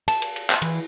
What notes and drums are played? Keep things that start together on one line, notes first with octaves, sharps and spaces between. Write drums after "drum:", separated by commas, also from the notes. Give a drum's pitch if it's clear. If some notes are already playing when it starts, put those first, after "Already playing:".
A5, drum: cymbal
drum: cymbal
drum: cymbal
drum: clap
E3, drum: cymbal